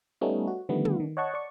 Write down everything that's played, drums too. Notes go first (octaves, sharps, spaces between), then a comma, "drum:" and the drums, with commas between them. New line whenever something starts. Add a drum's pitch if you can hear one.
G3 A3 B3 C#4 D#4
F#4
D3 D#3 F3 G3 A3 B3
drum: tom
D#3
C#5 D#5 F#5 A5 C#6
D5 C#6